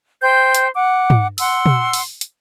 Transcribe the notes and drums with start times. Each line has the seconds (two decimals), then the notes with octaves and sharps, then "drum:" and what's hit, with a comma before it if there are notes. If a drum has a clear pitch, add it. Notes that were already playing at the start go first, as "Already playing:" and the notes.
0.22 C5 G5 G6
0.55 drum: hi-hat
0.76 F#5 D6
1.10 drum: tom
1.38 F#5 C6 E6, drum: open hi-hat
1.66 drum: tom
1.93 drum: open hi-hat
2.21 drum: hi-hat